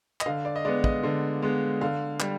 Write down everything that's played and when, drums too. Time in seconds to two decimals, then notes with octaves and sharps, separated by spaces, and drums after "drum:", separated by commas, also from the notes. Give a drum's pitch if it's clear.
0.21 D#5, drum: clap
0.26 D3 F5
0.45 D5
0.56 D#5
0.65 G#3 B3 D5
0.84 D#5, drum: kick
1.03 D3
1.42 G#3 B3
1.81 D3 F5
2.20 G3, drum: clap